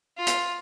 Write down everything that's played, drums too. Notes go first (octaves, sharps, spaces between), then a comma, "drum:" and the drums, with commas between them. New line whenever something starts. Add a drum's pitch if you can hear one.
F4
drum: hi-hat